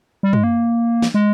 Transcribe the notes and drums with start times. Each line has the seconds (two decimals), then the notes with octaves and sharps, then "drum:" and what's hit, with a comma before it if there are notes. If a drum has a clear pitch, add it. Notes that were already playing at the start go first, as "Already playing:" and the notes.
0.23 G3
0.33 G#3, drum: tom
0.44 A#3
1.02 drum: snare
1.14 G#3